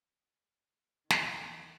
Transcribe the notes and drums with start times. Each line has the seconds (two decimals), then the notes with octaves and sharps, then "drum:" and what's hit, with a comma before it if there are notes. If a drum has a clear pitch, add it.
1.10 E2 D#3, drum: snare